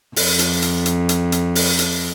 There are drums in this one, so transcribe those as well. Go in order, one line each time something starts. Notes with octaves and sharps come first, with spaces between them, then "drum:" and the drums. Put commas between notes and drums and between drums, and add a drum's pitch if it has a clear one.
F2, drum: open hi-hat
drum: hi-hat
drum: hi-hat
drum: hi-hat
drum: hi-hat
drum: hi-hat
drum: open hi-hat
drum: hi-hat